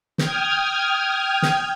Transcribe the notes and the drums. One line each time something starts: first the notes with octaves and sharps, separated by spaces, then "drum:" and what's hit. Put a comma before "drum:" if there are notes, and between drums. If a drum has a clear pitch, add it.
G5 D#6 F6 G#6, drum: snare
drum: snare